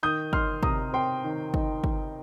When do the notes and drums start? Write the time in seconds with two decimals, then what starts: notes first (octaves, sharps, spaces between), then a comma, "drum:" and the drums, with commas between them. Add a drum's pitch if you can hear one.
0.03 D#3 D#6 G6
0.33 D#4 C6 F6, drum: kick
0.63 C3 A#5 D#6, drum: kick
0.93 C4 G5 C6
1.24 D#3
1.54 D#4, drum: kick
1.84 drum: kick